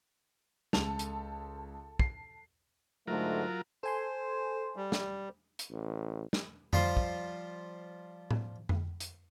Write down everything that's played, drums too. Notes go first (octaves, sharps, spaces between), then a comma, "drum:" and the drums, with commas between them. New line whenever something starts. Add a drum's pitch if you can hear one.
C#2 A4 F7, drum: snare
drum: hi-hat
C7, drum: kick
G#2 D3 F#3 A3 F4 A#4
A4 C5 G#5 C6
G3
drum: snare
drum: hi-hat
A1
drum: snare
F3 G3 F4 C5, drum: tom F2
drum: kick
drum: tom A2
drum: tom F2
drum: hi-hat